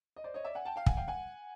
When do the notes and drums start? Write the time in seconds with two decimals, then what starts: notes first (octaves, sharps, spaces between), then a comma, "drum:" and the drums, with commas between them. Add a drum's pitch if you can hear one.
0.16 D#5
0.24 C5 D5
0.34 C#5 D#5
0.44 D5 E5
0.55 F#5 G#5
0.65 G5 A5
0.76 F5 G5
0.86 F#5 G#5, drum: kick
0.97 F5 G5
1.08 F#5 G#5